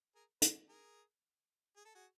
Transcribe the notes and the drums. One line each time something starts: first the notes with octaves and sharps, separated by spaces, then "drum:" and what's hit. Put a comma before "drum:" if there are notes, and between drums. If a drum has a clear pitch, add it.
G#4 A#4
A4 B4, drum: hi-hat
G#4 A#4
G#4
A4
F#4 G#4